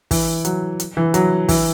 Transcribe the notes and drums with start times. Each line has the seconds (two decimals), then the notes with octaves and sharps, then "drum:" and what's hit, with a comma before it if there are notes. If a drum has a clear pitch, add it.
0.11 E3, drum: kick, open hi-hat
0.45 F#3, drum: hi-hat
0.80 drum: hi-hat
0.97 E3
1.14 F#3, drum: hi-hat
1.49 E3, drum: kick, open hi-hat